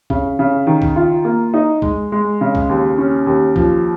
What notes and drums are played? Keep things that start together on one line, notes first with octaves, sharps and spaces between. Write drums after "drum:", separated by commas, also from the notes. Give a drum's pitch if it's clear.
C#3, drum: kick
C#3
D#3
drum: kick
F4
A#3
D#4
G#3, drum: kick
G#3
C#3
drum: kick
D#2
C#4
D#2
F3, drum: kick